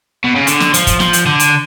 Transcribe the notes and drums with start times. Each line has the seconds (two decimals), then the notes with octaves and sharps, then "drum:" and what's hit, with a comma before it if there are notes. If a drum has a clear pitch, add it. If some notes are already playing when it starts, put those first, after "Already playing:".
0.24 B2
0.35 C#3
0.47 D3, drum: hi-hat
0.60 drum: snare
0.74 F3, drum: hi-hat
0.87 drum: kick, hi-hat
1.00 F3, drum: snare
1.13 drum: hi-hat
1.26 D3
1.40 drum: hi-hat